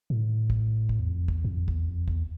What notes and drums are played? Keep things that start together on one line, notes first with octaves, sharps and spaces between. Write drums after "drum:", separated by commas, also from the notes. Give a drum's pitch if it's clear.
A2
drum: kick
drum: kick
E2
F2
E2, drum: kick
F#2
F2
E2, drum: kick
F2
E2, drum: kick